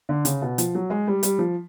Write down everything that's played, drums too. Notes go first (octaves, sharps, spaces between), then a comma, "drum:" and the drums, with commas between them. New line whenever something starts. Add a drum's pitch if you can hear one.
D3
C#3, drum: hi-hat
B2
F3, drum: hi-hat
F#3
G#3
G3
G3, drum: hi-hat
F3